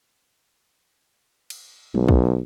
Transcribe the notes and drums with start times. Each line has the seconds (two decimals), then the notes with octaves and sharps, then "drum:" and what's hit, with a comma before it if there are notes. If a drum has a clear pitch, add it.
1.50 drum: cymbal
1.95 B1, drum: tom G3
2.08 drum: kick